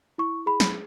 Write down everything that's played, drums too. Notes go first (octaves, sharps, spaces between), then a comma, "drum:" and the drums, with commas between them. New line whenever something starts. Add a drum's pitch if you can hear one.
E4 C#6
G#4 B5
drum: snare